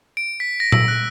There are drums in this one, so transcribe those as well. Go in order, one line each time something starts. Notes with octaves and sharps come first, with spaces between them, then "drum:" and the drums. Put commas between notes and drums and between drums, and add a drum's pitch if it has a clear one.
D7
B6
A#6
E6, drum: tom A#2
F#6